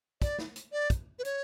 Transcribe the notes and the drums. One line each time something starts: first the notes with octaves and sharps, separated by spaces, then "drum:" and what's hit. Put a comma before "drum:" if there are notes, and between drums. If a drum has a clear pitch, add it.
D5, drum: kick, hi-hat
drum: snare
drum: hi-hat
D5
drum: kick, hi-hat
B4
C#5, drum: hi-hat